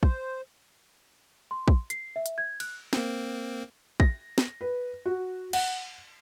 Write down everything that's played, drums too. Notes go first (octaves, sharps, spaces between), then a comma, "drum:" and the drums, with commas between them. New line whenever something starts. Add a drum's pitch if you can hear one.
C5, drum: kick
C6
drum: kick
C7, drum: hi-hat
E5
drum: hi-hat
G#6
F#6, drum: cymbal
A#3 C4, drum: snare
A#6, drum: kick
drum: snare
B4
F#4
F#5, drum: cymbal